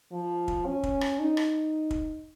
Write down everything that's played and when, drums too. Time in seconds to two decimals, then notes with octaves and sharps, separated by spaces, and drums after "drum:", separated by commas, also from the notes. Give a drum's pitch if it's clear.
0.12 F3
0.48 drum: kick
0.66 C#4
0.83 drum: kick
1.01 drum: rim click
1.19 D#4
1.37 drum: rim click
1.91 drum: kick